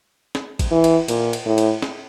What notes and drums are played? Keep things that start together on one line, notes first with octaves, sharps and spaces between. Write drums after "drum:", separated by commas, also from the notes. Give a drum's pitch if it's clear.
drum: snare
drum: kick, cymbal
E3
drum: cymbal
A#2, drum: cymbal
drum: cymbal
A2
drum: cymbal
drum: snare